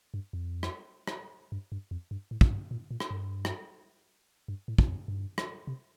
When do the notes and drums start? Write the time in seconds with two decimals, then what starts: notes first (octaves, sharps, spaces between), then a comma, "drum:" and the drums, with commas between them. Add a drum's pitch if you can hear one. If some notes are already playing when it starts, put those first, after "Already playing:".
0.14 G2
0.33 F2
0.63 drum: rim click
1.07 drum: rim click
1.52 G2
1.72 G2
1.91 F2
2.11 G2
2.31 A2
2.41 drum: kick
2.50 G2
2.71 A#2
2.91 A#2
3.00 drum: rim click
3.11 G2
3.45 drum: rim click
4.48 G2
4.68 A2
4.78 drum: kick
4.88 F2
5.08 G2
5.38 drum: rim click
5.67 C3